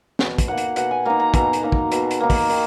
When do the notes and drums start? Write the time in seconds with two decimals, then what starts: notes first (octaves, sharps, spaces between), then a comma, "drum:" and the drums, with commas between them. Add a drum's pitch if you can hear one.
0.19 B2, drum: snare
0.38 drum: kick, hi-hat
0.48 A#3 D#4 F#5
0.58 drum: hi-hat
0.76 B2 F#5, drum: hi-hat
0.91 G#5
1.05 A#3 D#4 A#5
1.20 A#5
1.34 B2 A#5, drum: kick, hi-hat
1.53 drum: hi-hat
1.63 A#3 D#4
1.72 drum: kick
1.92 B2, drum: hi-hat
2.11 drum: hi-hat
2.20 A#3 D#4
2.30 drum: kick, open hi-hat
2.50 D#3, drum: open hi-hat